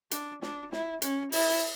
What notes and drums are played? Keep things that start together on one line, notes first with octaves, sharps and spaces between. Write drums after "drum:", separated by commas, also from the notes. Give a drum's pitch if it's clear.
D4, drum: hi-hat
D4, drum: snare
E4, drum: snare
C#4, drum: hi-hat
E4, drum: open hi-hat